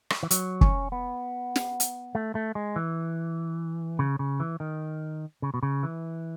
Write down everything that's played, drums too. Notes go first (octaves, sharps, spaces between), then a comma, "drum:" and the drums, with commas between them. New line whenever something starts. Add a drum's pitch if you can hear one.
drum: rim click
E3
F#3, drum: hi-hat
C#4, drum: kick
B3
drum: snare
drum: hi-hat
A3
A3
G#3
E3
C#3
C#3
E3
D#3
C#3
B2
C#3
E3